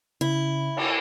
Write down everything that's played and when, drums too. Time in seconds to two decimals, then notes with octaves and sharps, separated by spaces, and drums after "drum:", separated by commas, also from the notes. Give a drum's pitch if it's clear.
0.21 C#3 E4
0.77 drum: cymbal